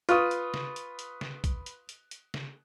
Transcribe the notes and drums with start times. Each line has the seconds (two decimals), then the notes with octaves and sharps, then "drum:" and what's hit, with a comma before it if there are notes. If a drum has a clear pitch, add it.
0.09 F4 B4 C#6 D#6, drum: hi-hat
0.31 drum: hi-hat
0.54 drum: snare
0.76 drum: hi-hat
0.99 drum: hi-hat
1.21 drum: snare
1.44 drum: kick A#1, hi-hat
1.66 drum: hi-hat
1.89 drum: hi-hat
2.11 drum: hi-hat
2.34 drum: snare